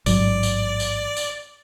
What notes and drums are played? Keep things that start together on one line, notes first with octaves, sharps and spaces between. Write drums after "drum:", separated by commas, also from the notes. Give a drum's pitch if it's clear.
A1 G#2 F#3 D5, drum: tambourine
drum: tambourine
drum: tambourine
drum: tambourine